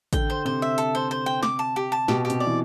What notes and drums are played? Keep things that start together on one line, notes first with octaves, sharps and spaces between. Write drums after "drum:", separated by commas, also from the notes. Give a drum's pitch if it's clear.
D3 G5, drum: kick A1, hi-hat
C5
C3 C5
E5
A4, drum: hi-hat
C5
C5
G5
D6, drum: snare
A5
G4
A5
B2 G4, drum: snare
G4
C3, drum: hi-hat
D5
E3